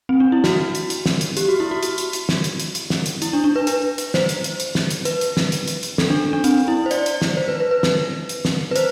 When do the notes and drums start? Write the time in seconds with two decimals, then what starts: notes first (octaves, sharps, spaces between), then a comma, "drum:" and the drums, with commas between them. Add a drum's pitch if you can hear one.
0.09 C4
0.20 D4
0.32 E4
0.44 F#4, drum: snare
0.75 drum: hi-hat
0.90 drum: hi-hat
1.06 drum: snare
1.21 drum: hi-hat
1.37 G4, drum: hi-hat
1.48 F#4
1.60 E4
1.71 F#4
1.83 drum: hi-hat
1.98 drum: hi-hat
2.13 drum: hi-hat
2.29 drum: snare
2.44 drum: hi-hat
2.60 drum: hi-hat
2.75 drum: hi-hat
2.90 drum: snare
3.06 drum: hi-hat
3.22 E4, drum: hi-hat
3.33 D4
3.44 D4
3.56 B4
3.67 B4, drum: hi-hat
3.98 drum: hi-hat
4.14 C5, drum: snare
4.29 drum: hi-hat
4.44 drum: hi-hat
4.60 drum: hi-hat
4.75 drum: snare
4.91 drum: hi-hat
5.05 B4, drum: hi-hat
5.21 drum: hi-hat
5.37 drum: snare
5.52 drum: hi-hat
5.68 drum: hi-hat
5.83 drum: hi-hat
5.98 A4, drum: snare
6.10 D4
6.33 D4
6.44 C4, drum: hi-hat
6.68 E4
6.86 C5
6.91 D5, drum: hi-hat
7.06 drum: hi-hat
7.22 drum: snare
7.37 C5
7.48 B4
7.60 B4
7.71 B4
7.83 drum: snare
8.29 drum: hi-hat
8.45 drum: snare
8.71 B4
8.76 C5, drum: hi-hat